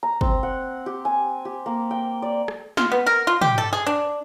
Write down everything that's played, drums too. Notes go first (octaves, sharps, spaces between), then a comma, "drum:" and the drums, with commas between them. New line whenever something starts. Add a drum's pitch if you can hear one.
A#5
C4, drum: kick
F#5
G4
G#5
G4
A#3
G5
D5
drum: rim click
F4, drum: snare
B3
A#4
F4
G4, drum: tom
A4
G#4
D4